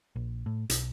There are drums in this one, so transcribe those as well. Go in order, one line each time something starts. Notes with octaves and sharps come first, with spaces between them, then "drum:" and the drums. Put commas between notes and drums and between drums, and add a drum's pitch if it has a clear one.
A#1
A2
B1, drum: hi-hat